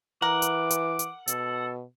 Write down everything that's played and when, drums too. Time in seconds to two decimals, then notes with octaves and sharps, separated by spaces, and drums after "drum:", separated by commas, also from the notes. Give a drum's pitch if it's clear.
0.22 E3 A#4 F#5 D6
0.42 drum: hi-hat
0.70 drum: hi-hat
0.99 drum: hi-hat
1.28 B2 A4, drum: hi-hat